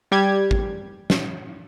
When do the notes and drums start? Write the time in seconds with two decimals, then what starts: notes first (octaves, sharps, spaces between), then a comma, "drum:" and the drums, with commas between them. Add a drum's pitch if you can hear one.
0.12 G3 G4 G#6
0.51 drum: kick
1.10 drum: snare